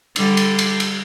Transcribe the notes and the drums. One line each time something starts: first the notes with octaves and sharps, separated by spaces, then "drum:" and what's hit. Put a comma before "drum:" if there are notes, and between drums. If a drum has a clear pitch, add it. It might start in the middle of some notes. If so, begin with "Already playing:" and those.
D3 G3, drum: cymbal
drum: cymbal
drum: cymbal
drum: cymbal